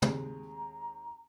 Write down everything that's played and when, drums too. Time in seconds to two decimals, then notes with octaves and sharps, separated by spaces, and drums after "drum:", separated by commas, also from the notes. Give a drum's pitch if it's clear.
0.02 D#2 G#3 C4 G4 A#5, drum: tom